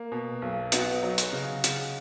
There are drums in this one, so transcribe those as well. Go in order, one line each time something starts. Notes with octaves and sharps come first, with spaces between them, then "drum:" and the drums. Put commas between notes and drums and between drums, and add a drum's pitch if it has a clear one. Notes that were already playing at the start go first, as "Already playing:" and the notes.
Already playing: A#3
B2
B1
B3 D#4 F#4, drum: hi-hat
F#3
drum: hi-hat
C#3
C#3, drum: hi-hat